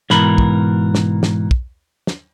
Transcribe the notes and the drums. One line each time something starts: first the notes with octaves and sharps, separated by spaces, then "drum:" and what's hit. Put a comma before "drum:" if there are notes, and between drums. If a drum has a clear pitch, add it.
G#2 B2 E3 A#4 B5, drum: snare
drum: kick
drum: snare
drum: snare
drum: kick
drum: snare